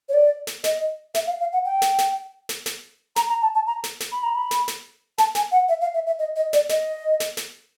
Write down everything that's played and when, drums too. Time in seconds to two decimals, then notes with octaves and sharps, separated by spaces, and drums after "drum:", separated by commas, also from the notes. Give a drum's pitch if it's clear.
0.09 C#5
0.13 D5
0.47 drum: snare
0.64 D#5, drum: snare
1.15 E5, drum: snare
1.27 F5
1.40 F5
1.53 F#5
1.65 G5
1.82 drum: snare
1.99 drum: snare
2.49 drum: snare
2.66 drum: snare
3.16 A#5, drum: snare
3.29 A#5
3.42 A5
3.55 A5
3.67 A#5
3.84 drum: snare
4.00 drum: snare
4.12 B5
4.23 A#5
4.35 B5
4.51 drum: snare
4.68 drum: snare
5.18 A5, drum: snare
5.35 G#5, drum: snare
5.52 F#5
5.69 E5
5.81 F5
5.94 E5
6.06 E5
6.19 D#5
6.36 D#5
6.53 D5, drum: snare
6.69 D#5, drum: snare
7.20 drum: snare
7.37 drum: snare